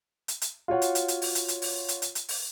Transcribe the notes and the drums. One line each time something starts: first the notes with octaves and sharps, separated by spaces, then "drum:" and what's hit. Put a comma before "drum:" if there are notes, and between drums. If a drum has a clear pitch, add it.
drum: hi-hat
drum: hi-hat
F4 F#4 C#5 F#5
drum: hi-hat
drum: hi-hat
drum: hi-hat
drum: open hi-hat
drum: hi-hat
drum: hi-hat
drum: open hi-hat
drum: hi-hat
drum: hi-hat
drum: hi-hat
drum: open hi-hat